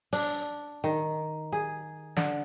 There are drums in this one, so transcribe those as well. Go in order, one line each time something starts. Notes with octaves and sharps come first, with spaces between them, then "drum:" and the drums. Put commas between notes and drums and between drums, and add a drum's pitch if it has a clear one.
D4, drum: open hi-hat
D#3
G#4
D3, drum: snare